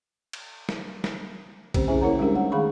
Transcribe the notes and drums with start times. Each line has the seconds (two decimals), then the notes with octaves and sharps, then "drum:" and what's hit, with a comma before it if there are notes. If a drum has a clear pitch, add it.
0.33 drum: cymbal
0.69 drum: snare
1.04 drum: snare
1.74 D3 A3 C4 C#4 G4 C5, drum: kick A#1, cymbal
1.88 C#4 E4 G#4 C5 E5 G#5
2.01 A#3 E4 A#4 C#5 F#5 A#5
2.19 G3 G#3 C#4 D4 G4 A#4
2.35 D#4 F#5
2.52 D#3 A3 G#4 F5 B5 C#6